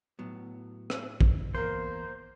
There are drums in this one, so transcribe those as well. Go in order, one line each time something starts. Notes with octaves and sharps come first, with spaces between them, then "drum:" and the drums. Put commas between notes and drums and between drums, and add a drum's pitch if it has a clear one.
A2 F#3 B3
drum: rim click
drum: kick
E2 A#3 A#4 C5